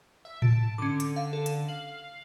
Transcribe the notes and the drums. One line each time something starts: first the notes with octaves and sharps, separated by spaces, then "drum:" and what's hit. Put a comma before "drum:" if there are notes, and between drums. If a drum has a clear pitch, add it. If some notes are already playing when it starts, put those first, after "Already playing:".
E5
A5 D7, drum: tom A2
D3 C#4 D6
drum: hi-hat
F5
A4
drum: hi-hat
F5 F#7